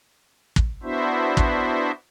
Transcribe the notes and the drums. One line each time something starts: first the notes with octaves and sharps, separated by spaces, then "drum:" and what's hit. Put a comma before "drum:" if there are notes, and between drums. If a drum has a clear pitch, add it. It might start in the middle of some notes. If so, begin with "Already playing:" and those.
drum: kick
B3 D4 E4 F#4 C5 E5
drum: kick